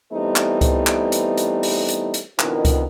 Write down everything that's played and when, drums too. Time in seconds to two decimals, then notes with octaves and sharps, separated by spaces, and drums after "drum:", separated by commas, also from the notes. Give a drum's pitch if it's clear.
0.13 E3 G3 A3 B3 C4 D#4
0.36 drum: clap
0.61 drum: kick C#2, hi-hat
0.87 drum: clap
1.12 drum: hi-hat
1.38 drum: hi-hat
1.63 drum: open hi-hat
1.88 drum: hi-hat
2.14 drum: hi-hat
2.39 F2 B2 D#3 D4 E4 A#4, drum: clap
2.65 drum: kick C#2, hi-hat